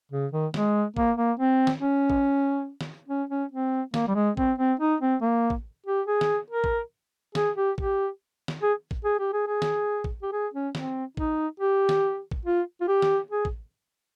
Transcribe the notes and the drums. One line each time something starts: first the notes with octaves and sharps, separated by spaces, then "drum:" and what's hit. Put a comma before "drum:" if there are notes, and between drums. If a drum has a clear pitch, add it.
C#3
D#3
G#3, drum: snare
A#3, drum: kick
A#3
C4
drum: snare
C#4
drum: kick
drum: snare
C#4
C#4
C4
A#3, drum: snare
G3
G#3
C4, drum: kick
C4
D#4
C4
A#3
drum: kick
G4
G#4
drum: snare
A#4
drum: kick
G#4, drum: snare
G4
G4, drum: kick
drum: snare
G#4
drum: kick
G#4
G4
G#4
G#4
drum: snare
drum: kick
G4
G#4
C#4
C4, drum: snare
D#4, drum: kick
G4
drum: snare
drum: kick
F4
F4
G4
drum: snare
G#4
drum: kick